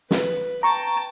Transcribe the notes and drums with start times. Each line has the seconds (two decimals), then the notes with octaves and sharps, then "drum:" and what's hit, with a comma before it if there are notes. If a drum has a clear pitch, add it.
0.11 B4, drum: snare
0.63 G5 A5 A#5 C#6